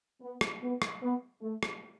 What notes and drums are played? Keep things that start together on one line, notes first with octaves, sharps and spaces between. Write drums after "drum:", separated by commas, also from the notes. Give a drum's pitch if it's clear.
B3
drum: rim click
B3
drum: rim click
B3
A3
drum: rim click